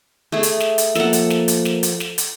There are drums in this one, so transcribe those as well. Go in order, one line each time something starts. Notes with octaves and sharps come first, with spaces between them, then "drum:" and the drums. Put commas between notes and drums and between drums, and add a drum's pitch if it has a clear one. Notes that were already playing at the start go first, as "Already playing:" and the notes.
A3 G#4
drum: hi-hat
drum: snare
drum: hi-hat
F3 A#3 A4 F#5, drum: snare
drum: hi-hat
drum: snare
drum: hi-hat
drum: snare
drum: hi-hat
drum: snare
drum: hi-hat